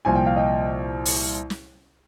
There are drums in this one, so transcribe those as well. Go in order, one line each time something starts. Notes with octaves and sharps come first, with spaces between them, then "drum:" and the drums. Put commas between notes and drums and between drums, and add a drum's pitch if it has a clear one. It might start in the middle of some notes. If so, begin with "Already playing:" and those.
C2 A#2 F3 G#5
G5
F5
D#5 G5
drum: open hi-hat
drum: snare